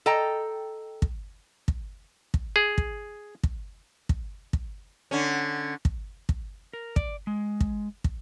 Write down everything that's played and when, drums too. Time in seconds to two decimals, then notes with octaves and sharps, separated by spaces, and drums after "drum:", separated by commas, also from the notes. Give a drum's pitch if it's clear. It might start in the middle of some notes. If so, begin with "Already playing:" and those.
0.06 A4 D#5 G5 A#5
1.02 drum: kick
1.68 drum: kick
2.34 drum: kick
2.56 G#4
2.78 drum: kick
3.43 drum: kick
4.09 drum: kick
4.53 drum: kick
5.11 D3 C#4
5.85 drum: kick
6.29 drum: kick
6.73 A#4
6.96 D5, drum: kick
7.27 G#3
7.61 drum: kick
8.04 drum: kick